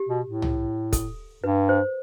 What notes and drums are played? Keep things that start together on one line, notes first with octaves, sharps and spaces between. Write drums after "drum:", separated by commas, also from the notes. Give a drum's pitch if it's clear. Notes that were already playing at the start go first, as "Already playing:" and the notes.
Already playing: G4
B2
A2
drum: tom C2
A4, drum: kick, hi-hat
G2 B4
C5